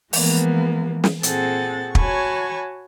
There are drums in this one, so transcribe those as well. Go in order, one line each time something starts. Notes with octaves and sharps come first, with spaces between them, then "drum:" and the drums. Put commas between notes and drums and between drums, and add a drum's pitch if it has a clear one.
E3 F3 G#3 A#3 B3, drum: open hi-hat
drum: snare
A#2 C4 G#4 A4 F#5 A6, drum: hi-hat
F#4 C#5 G#5 A5 B5 C#6, drum: kick